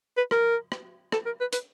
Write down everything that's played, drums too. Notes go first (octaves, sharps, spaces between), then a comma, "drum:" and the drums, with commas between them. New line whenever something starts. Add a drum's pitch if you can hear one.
B4
A#4, drum: rim click
drum: rim click
A4, drum: rim click
A#4
B4
B4, drum: hi-hat